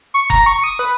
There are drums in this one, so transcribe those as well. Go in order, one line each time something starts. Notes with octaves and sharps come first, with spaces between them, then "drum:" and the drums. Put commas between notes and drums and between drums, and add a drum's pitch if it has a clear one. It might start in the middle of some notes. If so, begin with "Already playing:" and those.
C#6
A#5, drum: kick F1
C#6
D#6
B4